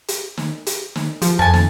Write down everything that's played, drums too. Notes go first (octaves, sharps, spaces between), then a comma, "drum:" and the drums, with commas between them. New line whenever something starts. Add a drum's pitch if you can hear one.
drum: hi-hat
drum: snare
drum: hi-hat
drum: snare
F3, drum: hi-hat
F2 G#5 A5
drum: snare